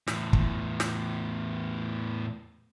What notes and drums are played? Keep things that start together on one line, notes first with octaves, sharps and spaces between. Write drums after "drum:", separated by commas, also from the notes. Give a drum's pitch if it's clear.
E2 A2, drum: snare
drum: kick
drum: snare